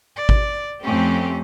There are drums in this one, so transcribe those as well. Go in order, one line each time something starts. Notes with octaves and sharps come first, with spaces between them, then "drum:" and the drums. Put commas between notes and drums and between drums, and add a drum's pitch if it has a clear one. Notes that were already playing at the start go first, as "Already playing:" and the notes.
D5
drum: kick G#1
F2 A3 C4 C#4 G4